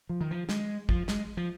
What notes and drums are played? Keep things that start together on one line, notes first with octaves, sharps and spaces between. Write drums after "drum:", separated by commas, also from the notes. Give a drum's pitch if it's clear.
F3
D#3
F3
G#3, drum: snare
F3, drum: kick
G#3, drum: snare
F3